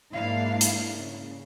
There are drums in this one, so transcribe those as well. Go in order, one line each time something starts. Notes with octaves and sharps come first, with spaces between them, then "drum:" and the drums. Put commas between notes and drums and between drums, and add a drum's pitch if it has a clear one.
G#2 A#3 D4 E4 F5
drum: hi-hat
C#3